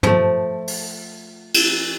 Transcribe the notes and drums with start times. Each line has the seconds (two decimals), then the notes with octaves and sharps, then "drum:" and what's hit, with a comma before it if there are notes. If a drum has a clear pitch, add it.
0.03 F3 A3, drum: tom
0.67 drum: open hi-hat
1.54 drum: cymbal